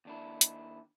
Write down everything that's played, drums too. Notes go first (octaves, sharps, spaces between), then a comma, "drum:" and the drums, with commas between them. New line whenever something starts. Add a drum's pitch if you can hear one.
D#2 D4 E4
drum: hi-hat